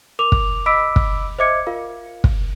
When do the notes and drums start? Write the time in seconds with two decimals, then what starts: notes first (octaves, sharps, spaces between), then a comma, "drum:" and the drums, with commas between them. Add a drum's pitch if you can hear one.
0.19 A#4 D6 F7
0.32 drum: kick
0.66 D#5 B5 D6 E6 B6 D7
0.96 drum: kick
1.39 C5 D#5 E5 D6 G#6 C#7
1.67 F4 A#4 F5
2.24 drum: kick